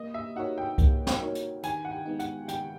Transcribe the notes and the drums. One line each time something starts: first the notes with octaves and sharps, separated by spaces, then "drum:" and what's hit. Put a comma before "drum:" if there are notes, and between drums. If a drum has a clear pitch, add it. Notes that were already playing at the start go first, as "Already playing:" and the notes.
Already playing: A#3 D#5
E5
D#4 F#4 A#4 C#5 F#5
G5
A#3, drum: kick C2, hi-hat
drum: snare
D#4 F#4 A#4 C#5
drum: hi-hat
D#3 G#5, drum: hi-hat
F#5
G5
G#3 B3 D#4
F#5, drum: hi-hat
D#3 G5, drum: hi-hat